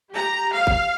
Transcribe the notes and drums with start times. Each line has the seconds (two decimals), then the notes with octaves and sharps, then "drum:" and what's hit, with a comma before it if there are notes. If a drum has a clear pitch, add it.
0.12 G4 A#5
0.53 F5
0.67 drum: kick G#1